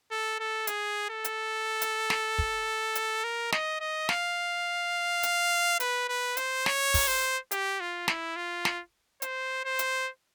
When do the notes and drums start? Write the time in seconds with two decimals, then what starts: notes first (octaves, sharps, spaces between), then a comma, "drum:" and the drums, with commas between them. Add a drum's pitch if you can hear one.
0.11 A4
0.40 A4
0.67 G#4, drum: hi-hat
1.10 A4
1.25 drum: hi-hat
1.82 drum: hi-hat
2.10 drum: snare
2.38 drum: kick
2.95 drum: hi-hat
3.24 A#4
3.52 D#5, drum: snare
3.80 D#5
4.09 F5, drum: snare
5.23 drum: hi-hat
5.80 B4, drum: hi-hat
6.09 B4
6.37 C5, drum: hi-hat
6.66 C#5, drum: snare
6.94 drum: kick, open hi-hat
7.08 C5
7.51 G4, drum: hi-hat
7.80 F4
8.08 E4, drum: snare
8.36 F4
8.65 drum: snare
9.22 C5, drum: hi-hat
9.65 C5
9.79 drum: hi-hat